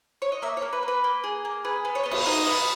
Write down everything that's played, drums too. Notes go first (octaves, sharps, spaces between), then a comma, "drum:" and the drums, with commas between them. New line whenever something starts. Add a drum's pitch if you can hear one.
C#5
D#5
A#3 E5
C#5
A#3
B4
A#3
B4
A#3
G#4
A#3
G#4 B4
B3
C#5
B3 D#5
C#5, drum: cymbal
D#4 D#5
B3